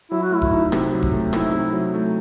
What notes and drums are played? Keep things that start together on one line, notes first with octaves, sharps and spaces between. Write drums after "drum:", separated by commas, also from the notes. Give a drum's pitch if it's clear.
F#3 E4
F#4
A3 E4
drum: kick F1
D#4
C3, drum: rim click
F#3
drum: kick F1
A3
D#4 E4, drum: rim click
C3
F#3
A3